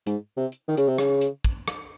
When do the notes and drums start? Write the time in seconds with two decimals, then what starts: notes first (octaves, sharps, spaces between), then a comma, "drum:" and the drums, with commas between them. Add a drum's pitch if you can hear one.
0.07 G#2, drum: hi-hat
0.37 C3
0.52 drum: hi-hat
0.68 D#3
0.77 C#3, drum: hi-hat
0.88 C3
0.98 C#3, drum: rim click
1.21 drum: hi-hat
1.44 drum: kick, hi-hat
1.68 drum: rim click